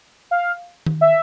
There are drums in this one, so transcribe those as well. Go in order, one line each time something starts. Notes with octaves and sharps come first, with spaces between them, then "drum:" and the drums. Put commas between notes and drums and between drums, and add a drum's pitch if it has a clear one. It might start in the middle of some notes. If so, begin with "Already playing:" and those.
F5
drum: tom D#3
E5